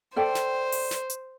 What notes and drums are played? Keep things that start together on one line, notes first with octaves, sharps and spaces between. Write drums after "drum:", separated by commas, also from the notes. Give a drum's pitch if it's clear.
A4 C5 D5 G5
drum: snare
drum: open hi-hat
drum: snare
drum: hi-hat